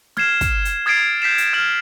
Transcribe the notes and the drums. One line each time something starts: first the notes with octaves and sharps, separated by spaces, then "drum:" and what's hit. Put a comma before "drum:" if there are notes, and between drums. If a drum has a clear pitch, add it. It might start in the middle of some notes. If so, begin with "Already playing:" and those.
F6 G#6 C7 E7, drum: snare
drum: kick, hi-hat
drum: hi-hat
D#6 G#6 A6 C7 D7
G6 B6 C7 E7
drum: hi-hat
F6 G#6 D7 F#7